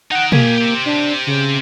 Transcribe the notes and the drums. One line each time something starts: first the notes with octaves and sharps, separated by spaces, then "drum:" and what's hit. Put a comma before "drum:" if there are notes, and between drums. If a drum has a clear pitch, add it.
D#4 F#5 G5
A#3 G4 G#4, drum: tom
C4 G4
D4
C#3